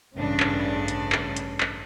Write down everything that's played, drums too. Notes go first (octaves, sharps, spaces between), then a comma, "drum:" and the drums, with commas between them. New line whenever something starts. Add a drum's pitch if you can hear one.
A1 G2 C#3 D4
drum: clap
drum: hi-hat
drum: clap
drum: hi-hat
drum: clap